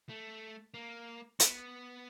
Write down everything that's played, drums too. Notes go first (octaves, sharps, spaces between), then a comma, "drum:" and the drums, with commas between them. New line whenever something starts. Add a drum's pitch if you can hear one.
A3
A#3
B3, drum: hi-hat